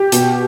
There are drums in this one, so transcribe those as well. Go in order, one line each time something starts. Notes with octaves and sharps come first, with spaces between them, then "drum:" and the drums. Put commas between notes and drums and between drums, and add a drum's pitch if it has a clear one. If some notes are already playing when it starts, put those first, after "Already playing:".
Already playing: G4
B2, drum: hi-hat